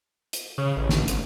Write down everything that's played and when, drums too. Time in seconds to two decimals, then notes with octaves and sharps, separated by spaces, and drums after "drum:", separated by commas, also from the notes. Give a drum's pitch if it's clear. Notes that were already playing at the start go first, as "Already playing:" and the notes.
0.33 drum: hi-hat
0.58 C#3
0.77 A1
0.89 drum: snare
1.08 G#1, drum: hi-hat